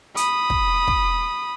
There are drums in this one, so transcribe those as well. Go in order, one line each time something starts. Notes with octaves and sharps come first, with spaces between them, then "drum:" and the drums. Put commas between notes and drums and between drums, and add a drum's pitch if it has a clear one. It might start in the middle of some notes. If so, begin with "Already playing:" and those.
B5 D#6, drum: hi-hat
drum: kick
drum: kick